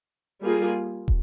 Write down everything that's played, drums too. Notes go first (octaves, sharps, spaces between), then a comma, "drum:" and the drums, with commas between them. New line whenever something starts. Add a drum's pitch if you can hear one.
G3 A#3 F4 G#4
drum: kick